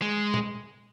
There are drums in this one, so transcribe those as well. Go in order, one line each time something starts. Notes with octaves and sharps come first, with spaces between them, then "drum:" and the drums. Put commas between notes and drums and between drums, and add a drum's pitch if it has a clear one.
G#3
drum: tom